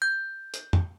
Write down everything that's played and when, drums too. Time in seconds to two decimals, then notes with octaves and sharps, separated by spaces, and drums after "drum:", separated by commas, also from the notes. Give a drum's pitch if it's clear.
0.02 G6
0.54 drum: hi-hat
0.73 drum: tom